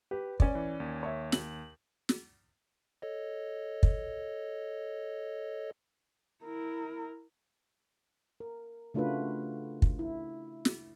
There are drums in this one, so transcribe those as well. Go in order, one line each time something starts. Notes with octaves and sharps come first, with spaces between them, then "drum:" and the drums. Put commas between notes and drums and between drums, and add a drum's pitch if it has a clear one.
G4 B4
C#4 D5, drum: kick
E3
D#2
C#5 E5
F#7, drum: snare
drum: snare
A4 C#5 D#5
drum: kick
E4 A#4
A#4
C#3 A3 D4 F4 F#4 B4
drum: kick
E4
drum: snare